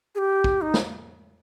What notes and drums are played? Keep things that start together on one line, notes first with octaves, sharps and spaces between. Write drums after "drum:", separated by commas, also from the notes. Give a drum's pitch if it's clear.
G#4
G4
drum: kick
D#4
drum: snare